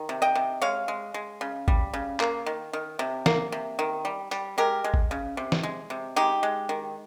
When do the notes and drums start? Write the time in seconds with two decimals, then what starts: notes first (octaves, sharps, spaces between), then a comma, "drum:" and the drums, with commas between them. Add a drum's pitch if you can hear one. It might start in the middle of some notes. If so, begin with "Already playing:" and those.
Already playing: D#3
0.09 C3
0.22 D#5 G5
0.35 C3
0.62 G#3 C#5 F5
0.88 G#3
1.14 G#3
1.41 C#3
1.68 G3, drum: kick
1.94 C#3
2.20 A#3, drum: clap
2.46 D#3
2.73 D#3
2.99 C3
3.26 A#3, drum: snare
3.52 C3
3.79 D#3
4.05 G3
4.31 G3, drum: hi-hat
4.58 G#3 G4 A#4
4.84 G#3
4.94 drum: kick
5.11 C#3
5.37 C3
5.52 drum: snare
5.63 G#3
5.90 C3
6.16 G#3 D#4 G4
6.43 G#3
6.69 D#3